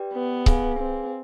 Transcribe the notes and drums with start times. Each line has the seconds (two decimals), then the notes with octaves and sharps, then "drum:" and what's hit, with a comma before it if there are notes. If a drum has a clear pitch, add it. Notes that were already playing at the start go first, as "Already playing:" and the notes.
Already playing: G4 B4 D5 G5
0.13 B3
0.46 G#4 B4 F5 G#5, drum: kick C#1
0.79 C4